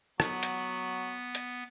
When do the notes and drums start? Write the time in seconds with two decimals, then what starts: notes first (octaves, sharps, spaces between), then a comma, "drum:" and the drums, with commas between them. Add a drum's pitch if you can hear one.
0.20 F#3 B3, drum: rim click
0.43 drum: hi-hat
1.35 drum: hi-hat